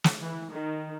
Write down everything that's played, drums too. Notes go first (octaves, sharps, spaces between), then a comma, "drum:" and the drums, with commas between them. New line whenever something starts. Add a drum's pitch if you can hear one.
drum: snare
E3
D#3